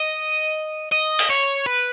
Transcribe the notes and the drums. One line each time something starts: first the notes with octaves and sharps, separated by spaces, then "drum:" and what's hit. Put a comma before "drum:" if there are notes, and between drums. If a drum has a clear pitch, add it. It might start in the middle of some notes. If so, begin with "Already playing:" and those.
Already playing: D#5
D#5
drum: open hi-hat
C#5
B4